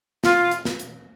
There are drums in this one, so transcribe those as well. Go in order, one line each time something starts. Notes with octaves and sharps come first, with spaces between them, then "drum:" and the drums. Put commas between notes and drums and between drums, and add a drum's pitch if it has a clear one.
F4, drum: snare
drum: hi-hat
drum: snare
drum: hi-hat